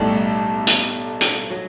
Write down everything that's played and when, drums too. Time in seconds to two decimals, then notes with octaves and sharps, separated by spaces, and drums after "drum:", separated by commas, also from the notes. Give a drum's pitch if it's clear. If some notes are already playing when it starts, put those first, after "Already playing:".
Already playing: B1 A2 G3 A4
0.67 drum: hi-hat
1.21 drum: hi-hat
1.50 F#3